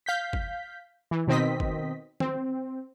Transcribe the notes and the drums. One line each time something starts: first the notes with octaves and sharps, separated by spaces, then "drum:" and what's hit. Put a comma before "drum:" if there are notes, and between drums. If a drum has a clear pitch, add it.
F5 G6 B6
drum: kick G1
E3
B2 D#3 C4 D#5 B6
drum: kick G1
C4, drum: tom D#3